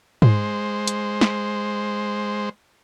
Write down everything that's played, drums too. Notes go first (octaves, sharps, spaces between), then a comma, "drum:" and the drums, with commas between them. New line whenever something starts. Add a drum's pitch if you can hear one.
G#3 C5, drum: tom G#2
drum: hi-hat
drum: snare